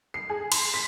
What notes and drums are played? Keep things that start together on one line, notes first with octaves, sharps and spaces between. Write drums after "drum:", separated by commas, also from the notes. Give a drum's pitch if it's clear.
C7
G#4
C6, drum: cymbal
B6